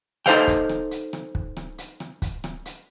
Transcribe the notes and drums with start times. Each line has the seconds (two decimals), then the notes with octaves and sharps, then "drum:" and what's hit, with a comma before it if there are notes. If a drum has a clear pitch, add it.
0.26 D#4 A4 C5 F5 G5, drum: rim click
0.48 drum: kick, hi-hat
0.69 drum: rim click
0.91 drum: hi-hat
1.13 drum: rim click
1.35 drum: kick
1.57 drum: rim click
1.78 drum: hi-hat
2.00 drum: rim click
2.22 drum: kick, hi-hat
2.44 drum: rim click
2.65 drum: hi-hat